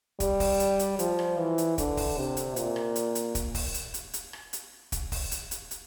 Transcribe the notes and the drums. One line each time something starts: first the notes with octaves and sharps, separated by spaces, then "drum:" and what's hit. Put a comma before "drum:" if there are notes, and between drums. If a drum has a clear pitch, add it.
G3, drum: kick, hi-hat
drum: kick, open hi-hat
drum: hi-hat
drum: hi-hat
F3, drum: hi-hat
drum: rim click
E3
drum: hi-hat
D3, drum: kick, hi-hat
drum: kick, open hi-hat
C3
drum: hi-hat
A#2, drum: hi-hat
drum: rim click
drum: hi-hat
drum: hi-hat
drum: kick, hi-hat
drum: kick, open hi-hat
drum: hi-hat
drum: hi-hat
drum: hi-hat
drum: rim click
drum: hi-hat
drum: kick, hi-hat
drum: kick, open hi-hat
drum: hi-hat
drum: hi-hat
drum: hi-hat